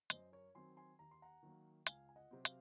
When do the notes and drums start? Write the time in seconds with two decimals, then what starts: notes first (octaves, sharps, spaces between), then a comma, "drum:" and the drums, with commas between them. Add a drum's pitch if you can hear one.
0.10 F#2 C5 D#5, drum: hi-hat
0.33 A#4 C#5
0.55 D#3 F#3 C4 G#5 C6
0.77 G#5 C6
0.99 D#2 A#5
1.11 C6
1.22 F#5 A#5
1.43 D#3 F#3 A#3
1.87 C#2 F5 G#5, drum: hi-hat
2.09 G#5
2.16 D#5 F#5
2.31 C3 F#3 C4
2.45 F5, drum: hi-hat